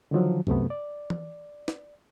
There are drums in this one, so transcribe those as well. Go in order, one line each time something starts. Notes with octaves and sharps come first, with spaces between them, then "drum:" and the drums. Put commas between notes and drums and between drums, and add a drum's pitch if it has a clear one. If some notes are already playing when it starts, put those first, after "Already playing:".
D3 D#3 F3 F#3
F#2 C3 A3 B3, drum: kick C2
D5
drum: tom E3
drum: snare